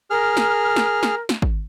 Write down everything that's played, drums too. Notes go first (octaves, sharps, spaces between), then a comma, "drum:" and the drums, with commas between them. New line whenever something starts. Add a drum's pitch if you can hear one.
G#4 A#4 F6
drum: snare
drum: snare
drum: snare
drum: snare
drum: kick